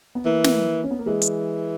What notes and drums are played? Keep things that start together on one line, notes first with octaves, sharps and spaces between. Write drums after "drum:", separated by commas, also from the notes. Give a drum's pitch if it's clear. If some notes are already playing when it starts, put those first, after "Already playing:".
B3
E3 A#3
drum: snare
C#4
B3
A#3
E3 G#3
drum: hi-hat